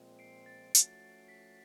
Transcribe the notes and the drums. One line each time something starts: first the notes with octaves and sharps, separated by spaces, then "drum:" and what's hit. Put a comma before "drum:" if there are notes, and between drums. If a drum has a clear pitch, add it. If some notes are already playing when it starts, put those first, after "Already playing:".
Already playing: A#2 F3 G#3 C4
C7 D7
A6
F3 A3 C#4 F#4, drum: hi-hat
B6